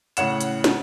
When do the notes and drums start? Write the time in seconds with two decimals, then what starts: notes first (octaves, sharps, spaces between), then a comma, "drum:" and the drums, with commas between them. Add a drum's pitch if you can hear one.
0.17 A2 C#3 C#5 F#5 E7, drum: hi-hat
0.41 drum: hi-hat
0.64 drum: snare